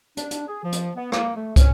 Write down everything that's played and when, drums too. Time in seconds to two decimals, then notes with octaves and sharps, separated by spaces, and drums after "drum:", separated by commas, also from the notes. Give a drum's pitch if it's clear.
0.17 D4, drum: hi-hat
0.31 drum: hi-hat
0.48 G#4
0.63 F3
0.72 drum: hi-hat
0.96 B3
1.12 A#3, drum: rim click
1.35 A3
1.56 C#4, drum: kick, hi-hat